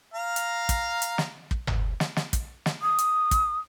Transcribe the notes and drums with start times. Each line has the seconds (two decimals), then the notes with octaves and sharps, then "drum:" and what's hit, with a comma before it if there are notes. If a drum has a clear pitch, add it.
0.14 F5 A#5
0.36 drum: hi-hat
0.69 drum: kick, hi-hat
1.02 drum: hi-hat
1.18 drum: snare
1.51 drum: kick
1.67 drum: tom G1
2.00 drum: snare
2.16 drum: snare
2.33 drum: kick, hi-hat
2.66 drum: snare
2.82 D#6
2.98 drum: hi-hat
3.31 drum: kick, hi-hat